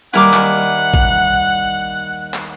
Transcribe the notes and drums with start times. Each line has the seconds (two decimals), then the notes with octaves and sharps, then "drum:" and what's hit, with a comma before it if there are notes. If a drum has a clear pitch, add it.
0.13 D#2 G3 E4 A#4 F#5 G#5 D6
0.34 drum: clap
0.94 drum: kick
2.34 drum: clap